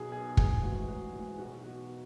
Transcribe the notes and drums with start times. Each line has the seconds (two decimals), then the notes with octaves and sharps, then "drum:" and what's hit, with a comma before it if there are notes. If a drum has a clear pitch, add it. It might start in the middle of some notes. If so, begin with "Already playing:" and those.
Already playing: B1 B2 F#4 G#4
0.12 B2 G#4
0.37 A1 G#4, drum: kick
0.63 G#2 E3 F#4
0.88 A1 F#4
1.13 G#2 E3
1.38 B1 F#4
1.64 B2 F#4